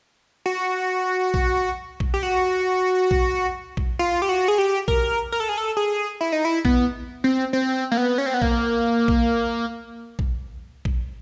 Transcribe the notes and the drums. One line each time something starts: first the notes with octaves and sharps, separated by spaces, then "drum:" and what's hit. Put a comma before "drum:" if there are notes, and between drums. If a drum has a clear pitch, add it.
F#4
drum: kick A#1
drum: kick A#1
G4
F#4
drum: kick A#1
drum: kick A#1
F4
G4
F#4
G#4
G4
A#4, drum: kick A#1
A#4
A4
G#4
A4
G#4
E4
D#4
E4
B3, drum: kick A#1
C4
C4
A#3
B3
C#4
C4
B3
A#3, drum: kick A#1
drum: kick A#1
drum: kick A#1
drum: kick A#1